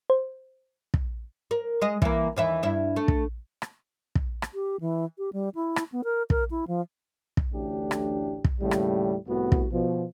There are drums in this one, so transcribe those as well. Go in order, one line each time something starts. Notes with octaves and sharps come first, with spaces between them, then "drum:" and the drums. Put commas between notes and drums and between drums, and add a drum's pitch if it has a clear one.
C5
drum: kick
A#4
G#3 D#5
E3 A#3, drum: kick
D#2 E3 E5
G2 E4 E5
A3
drum: kick
drum: rim click
drum: kick
drum: rim click
G4
E3
G4
G3
E4
drum: rim click
B3
A#4
A#4, drum: kick
E4
F3
drum: kick
A1 D2 A2 D4 G4
drum: rim click
drum: kick
D#2 A2 C#3 G3
drum: rim click
C2 A2 B3 F#4
drum: kick
B2 F3